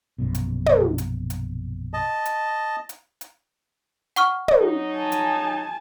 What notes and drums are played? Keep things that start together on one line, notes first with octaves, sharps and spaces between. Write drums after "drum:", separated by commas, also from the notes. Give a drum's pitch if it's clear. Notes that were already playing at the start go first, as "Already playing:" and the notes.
A#1 F#2 B2
drum: hi-hat
drum: tom
drum: hi-hat
drum: hi-hat
D#5 A5
drum: hi-hat
drum: hi-hat
drum: hi-hat
F#5 C#6 F6, drum: hi-hat
drum: tom
F#3 D#4
G#5 A5
drum: hi-hat